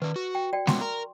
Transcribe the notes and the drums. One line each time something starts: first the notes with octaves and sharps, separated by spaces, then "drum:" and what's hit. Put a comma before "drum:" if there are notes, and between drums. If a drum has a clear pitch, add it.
D#3 B4 D5
F#4
G5
F#4 D5 G5
B3 C#4 F#4 C6 C#6, drum: snare G#3
A#4